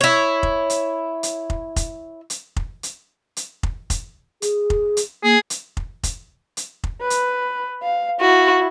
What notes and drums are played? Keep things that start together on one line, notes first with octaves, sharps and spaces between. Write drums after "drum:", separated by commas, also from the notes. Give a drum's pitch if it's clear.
E4 C#5
drum: kick F1
drum: hi-hat
drum: hi-hat
drum: kick F1
drum: kick F1, hi-hat
drum: hi-hat
drum: kick F1
drum: hi-hat
drum: hi-hat
drum: kick F1
drum: kick F1, hi-hat
G#4, drum: hi-hat
drum: kick F1
drum: hi-hat
A#3 G#4
drum: hi-hat
drum: kick F1
drum: kick F1, hi-hat
drum: hi-hat
drum: kick F1
B4
drum: hi-hat
F5
E4 F#4